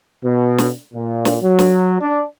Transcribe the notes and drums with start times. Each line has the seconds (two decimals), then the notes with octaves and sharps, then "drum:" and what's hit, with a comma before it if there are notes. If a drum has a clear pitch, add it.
0.24 B2
0.58 drum: snare
0.94 A#2
1.25 drum: snare
1.42 F#3
1.59 drum: snare
2.00 D4